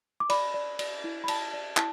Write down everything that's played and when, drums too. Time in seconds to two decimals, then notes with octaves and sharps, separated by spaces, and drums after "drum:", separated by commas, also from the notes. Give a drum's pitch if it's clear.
0.20 D6
0.30 D5 B5, drum: cymbal
0.54 D5
0.79 D5, drum: cymbal
1.04 E4
1.24 B5
1.28 D5 A5, drum: cymbal
1.53 D5
1.77 E4 A5, drum: clap